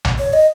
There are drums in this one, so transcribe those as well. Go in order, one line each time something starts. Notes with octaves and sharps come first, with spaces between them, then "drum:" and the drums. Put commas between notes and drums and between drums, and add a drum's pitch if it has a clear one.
drum: tom A#1
C#5
D#5